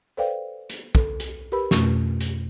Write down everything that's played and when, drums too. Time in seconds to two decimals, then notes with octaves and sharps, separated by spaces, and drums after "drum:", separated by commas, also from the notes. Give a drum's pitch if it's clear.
0.17 A4 B4 C5 D5 F5 G5
0.70 drum: hi-hat
0.95 A4, drum: kick
1.20 drum: hi-hat
1.52 G4 A#4 B4 B5 E6
1.71 F2 B2 A3 C#4 C#6, drum: snare
2.21 drum: hi-hat